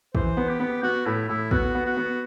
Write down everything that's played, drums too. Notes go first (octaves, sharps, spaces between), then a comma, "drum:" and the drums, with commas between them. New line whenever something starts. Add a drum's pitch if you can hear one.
E3 C5, drum: kick
B3
G4
B3
B3 F#4
A2 E4
A2 E4
B3 F#4, drum: kick
B3
F#4
B3